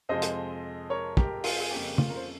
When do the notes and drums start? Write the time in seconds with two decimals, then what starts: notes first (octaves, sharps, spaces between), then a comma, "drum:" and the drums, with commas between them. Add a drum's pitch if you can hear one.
0.09 F2 C3 F3 G#3 C5 D#5
0.22 drum: hi-hat
0.90 A#4 C#5
1.17 G4 A#4, drum: kick
1.44 F4 G#4, drum: open hi-hat
1.60 G#4
1.71 F2 C#3 G3 A#3 C#4 G4
1.98 F4, drum: tom
2.09 A#4
2.17 C5